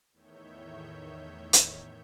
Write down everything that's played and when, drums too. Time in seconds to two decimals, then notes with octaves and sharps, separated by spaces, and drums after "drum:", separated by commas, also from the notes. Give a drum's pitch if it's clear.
0.12 E2 A2 D#3 C#5 E5 G6
1.53 drum: hi-hat